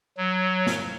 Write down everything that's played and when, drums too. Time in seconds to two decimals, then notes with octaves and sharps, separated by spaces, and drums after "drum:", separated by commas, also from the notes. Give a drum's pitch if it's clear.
0.17 F#3
0.67 drum: snare